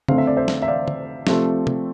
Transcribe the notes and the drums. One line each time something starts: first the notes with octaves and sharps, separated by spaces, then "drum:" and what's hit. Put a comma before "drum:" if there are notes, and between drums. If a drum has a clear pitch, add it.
F2 D3 A3 C4 F5, drum: tom C#3
E5
D5
C5 E5
drum: snare
E5
D5 F5
drum: tom
C3 F3 A3 C4, drum: snare
drum: tom